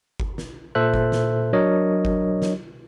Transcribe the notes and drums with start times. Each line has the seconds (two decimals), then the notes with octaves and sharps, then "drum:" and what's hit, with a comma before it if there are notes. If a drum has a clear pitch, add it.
0.20 drum: kick G1
0.38 drum: snare
0.75 A#2 A4 C5 E5 F#6
0.94 drum: kick G1
1.12 drum: snare
1.53 F#3 D4 A#4 C#5 D#5
2.05 drum: kick G1
2.42 drum: snare